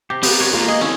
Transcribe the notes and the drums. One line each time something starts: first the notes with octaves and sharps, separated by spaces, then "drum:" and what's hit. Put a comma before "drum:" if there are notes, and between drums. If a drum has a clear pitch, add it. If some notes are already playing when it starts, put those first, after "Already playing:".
C3 G4
B3 C4 A#4, drum: open hi-hat
C#5
G#3 A#3 F4 A4
G#4 D#5
C4 C#4 E4 A4